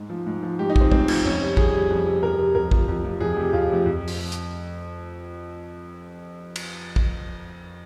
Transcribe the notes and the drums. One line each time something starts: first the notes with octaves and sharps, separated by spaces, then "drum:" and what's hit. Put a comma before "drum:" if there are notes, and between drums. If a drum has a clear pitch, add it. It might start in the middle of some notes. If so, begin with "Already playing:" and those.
Already playing: G#2
F3
G#2
F3
G#2 G4
D#4
F3, drum: kick
C4
G#2 C4, drum: kick
F3, drum: cymbal
F2 C#4
C3 G3
F2 G#4, drum: kick
C3 G3
F2
C3 G3
F2 A#4
C3 G3
F2 A#4
C3 F3, drum: kick
F2
C3 F3
F2 G#4
C3 F3 G4
F2 F4
C3 F3
F2
drum: open hi-hat
drum: hi-hat
drum: cymbal
drum: kick